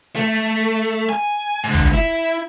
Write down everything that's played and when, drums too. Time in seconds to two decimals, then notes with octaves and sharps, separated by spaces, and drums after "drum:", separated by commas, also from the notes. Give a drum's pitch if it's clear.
0.16 A3
1.09 G#5
1.64 G#2 D3
1.74 drum: kick
1.94 E4